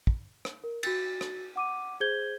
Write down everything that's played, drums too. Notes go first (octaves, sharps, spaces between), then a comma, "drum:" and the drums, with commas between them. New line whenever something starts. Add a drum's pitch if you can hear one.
drum: kick
drum: rim click
A#4
F#4 A6, drum: cymbal
drum: rim click
F#5 D6 D#7
G#4 C5 G6 G#6 G7